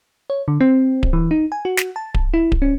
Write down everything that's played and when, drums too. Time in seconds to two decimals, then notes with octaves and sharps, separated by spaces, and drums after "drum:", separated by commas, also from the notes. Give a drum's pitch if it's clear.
0.30 C#5
0.48 D3
0.61 C4
1.03 drum: kick D1
1.13 E3
1.31 D#4
1.52 G#5
1.65 F#4
1.77 drum: snare
1.96 A5
2.14 drum: kick D1
2.34 E4
2.52 drum: kick D1
2.62 C#4